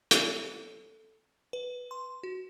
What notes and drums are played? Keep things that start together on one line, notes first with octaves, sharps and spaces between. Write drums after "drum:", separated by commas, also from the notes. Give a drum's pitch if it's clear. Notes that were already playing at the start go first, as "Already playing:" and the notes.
A4, drum: hi-hat
B4
C6
F#4